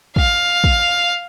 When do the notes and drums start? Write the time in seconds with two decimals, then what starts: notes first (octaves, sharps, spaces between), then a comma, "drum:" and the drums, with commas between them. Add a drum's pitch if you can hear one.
0.16 F5, drum: kick
0.64 drum: kick